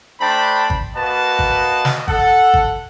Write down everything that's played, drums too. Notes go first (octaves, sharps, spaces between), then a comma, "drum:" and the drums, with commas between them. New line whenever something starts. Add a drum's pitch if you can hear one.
A3 D4 C5 G5 A5 B5
drum: kick G#1
A#3 F#4 B4 D#5 A5
drum: kick G#1
drum: snare
A4 F#5, drum: kick G#1
drum: kick G#1